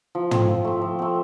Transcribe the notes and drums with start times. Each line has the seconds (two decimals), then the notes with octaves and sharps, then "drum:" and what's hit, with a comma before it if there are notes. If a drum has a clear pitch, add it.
0.15 F3
0.31 A3 C4, drum: tom
0.48 F3
0.64 A3 C4
0.82 F3
0.99 A3 C4